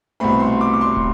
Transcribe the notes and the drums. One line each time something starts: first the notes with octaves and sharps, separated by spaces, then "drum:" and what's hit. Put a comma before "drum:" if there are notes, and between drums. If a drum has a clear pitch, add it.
C2 B2 A3 C4 B5
C6
D6
D6
C6
drum: kick